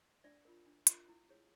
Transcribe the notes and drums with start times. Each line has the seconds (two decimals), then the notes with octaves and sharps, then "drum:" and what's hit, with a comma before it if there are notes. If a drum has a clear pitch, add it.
0.24 D4 D5 E5
0.45 F4 A#4
0.66 D4
0.87 F4 A#4, drum: hi-hat
1.08 E4
1.29 G#4 C#5